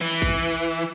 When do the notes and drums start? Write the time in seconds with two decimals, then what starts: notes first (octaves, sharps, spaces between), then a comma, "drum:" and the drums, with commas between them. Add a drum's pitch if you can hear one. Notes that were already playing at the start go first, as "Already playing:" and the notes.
0.01 E3
0.22 drum: kick A1, cymbal
0.43 drum: cymbal
0.64 drum: cymbal